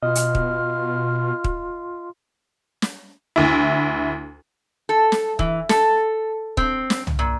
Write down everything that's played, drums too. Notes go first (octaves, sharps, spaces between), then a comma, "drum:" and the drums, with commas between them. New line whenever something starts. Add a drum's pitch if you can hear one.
B2 F4 D#5 F6
drum: hi-hat
drum: kick
drum: kick
drum: snare
D2 E4
A4
drum: snare
E3, drum: kick
A4, drum: snare
C4, drum: kick
drum: snare
drum: tom C2
A#2